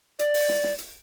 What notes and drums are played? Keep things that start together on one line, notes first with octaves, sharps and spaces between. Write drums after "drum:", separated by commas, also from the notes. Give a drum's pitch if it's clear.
D5, drum: hi-hat
drum: open hi-hat
drum: snare
drum: snare
drum: hi-hat